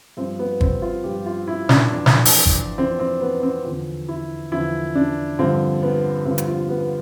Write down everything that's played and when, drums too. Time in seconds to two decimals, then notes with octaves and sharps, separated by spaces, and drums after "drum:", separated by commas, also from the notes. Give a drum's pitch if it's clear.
0.17 G2 F3 C4
0.39 B3
0.61 C4, drum: kick
0.82 F4
1.04 G2 F3 G4
1.26 F4
1.47 E4
1.69 D4, drum: snare
1.91 F2 E3
2.06 drum: snare
2.25 drum: open hi-hat
2.46 drum: kick
2.78 F2 E3 C4
3.00 C4
3.21 B3
3.43 C4
3.64 E2 D3 F3
4.08 E4
4.52 E2 D3 F3 E4
4.95 D4
5.39 G2 D3 F3 C4
5.82 B3
6.25 G2 D3 F3 C4
6.38 drum: hi-hat
6.47 F4
6.69 B3